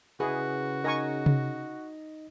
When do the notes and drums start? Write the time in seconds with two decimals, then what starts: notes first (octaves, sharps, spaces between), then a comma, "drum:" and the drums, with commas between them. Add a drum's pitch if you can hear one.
0.20 C#3 E4 F#4 G#4 B4
0.84 D#4 A#4 D#5 G#5 C#6 A#6
1.26 drum: tom C3